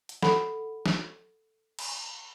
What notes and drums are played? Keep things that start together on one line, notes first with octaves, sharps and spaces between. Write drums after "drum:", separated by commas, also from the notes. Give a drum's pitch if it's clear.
drum: hi-hat
A4 F#5 B5, drum: snare
drum: snare
drum: cymbal